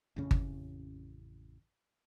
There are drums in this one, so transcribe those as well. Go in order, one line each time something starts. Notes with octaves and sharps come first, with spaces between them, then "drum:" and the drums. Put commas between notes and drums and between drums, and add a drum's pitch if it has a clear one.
A1 F2 C#3 C#4
drum: kick G1